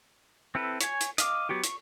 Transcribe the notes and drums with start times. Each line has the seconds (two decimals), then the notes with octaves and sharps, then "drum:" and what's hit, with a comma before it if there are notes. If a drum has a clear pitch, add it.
0.55 C4 E4 A4 B4
0.81 C#5 G#5, drum: hi-hat
1.01 drum: hi-hat
1.18 D#5 F5 D6, drum: hi-hat
1.49 F#3 B3 F#4 G4
1.64 C#6, drum: hi-hat